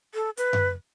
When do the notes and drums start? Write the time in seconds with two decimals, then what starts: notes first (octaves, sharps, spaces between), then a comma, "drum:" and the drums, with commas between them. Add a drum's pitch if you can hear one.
0.15 A4
0.37 B4, drum: hi-hat
0.53 drum: tom F#2